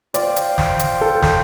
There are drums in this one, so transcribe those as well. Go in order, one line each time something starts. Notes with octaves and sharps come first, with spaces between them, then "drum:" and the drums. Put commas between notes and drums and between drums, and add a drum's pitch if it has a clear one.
F4 C5 D5 G5, drum: hi-hat
drum: hi-hat
drum: snare
drum: hi-hat
A4
drum: snare